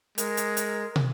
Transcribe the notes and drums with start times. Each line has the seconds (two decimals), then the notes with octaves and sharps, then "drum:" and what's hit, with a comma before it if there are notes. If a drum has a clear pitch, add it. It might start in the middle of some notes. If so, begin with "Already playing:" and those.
0.18 G#3 A#4, drum: hi-hat
0.37 drum: hi-hat
0.57 drum: hi-hat
0.96 drum: tom